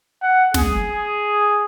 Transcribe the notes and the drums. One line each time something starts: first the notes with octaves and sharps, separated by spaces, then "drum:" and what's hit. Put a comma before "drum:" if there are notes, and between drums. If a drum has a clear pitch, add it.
F#5
G#4, drum: snare